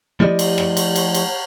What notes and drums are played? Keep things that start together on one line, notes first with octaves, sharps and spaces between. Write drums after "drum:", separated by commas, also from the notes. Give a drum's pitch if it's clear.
F3 A3 E4 G4 D5 D#5
drum: cymbal
drum: rim click
drum: cymbal
drum: cymbal
drum: cymbal